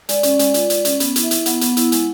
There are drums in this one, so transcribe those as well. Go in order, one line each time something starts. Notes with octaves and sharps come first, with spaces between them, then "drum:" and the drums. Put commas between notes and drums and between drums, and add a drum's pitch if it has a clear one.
G#3 D5, drum: hi-hat
C#4, drum: hi-hat
G#3, drum: hi-hat
F4, drum: hi-hat
G#3, drum: hi-hat
C#4, drum: hi-hat
B3, drum: hi-hat
E4, drum: hi-hat
E5
E4, drum: hi-hat
B3 F#5, drum: hi-hat
B3, drum: hi-hat
E4, drum: hi-hat
G#3, drum: hi-hat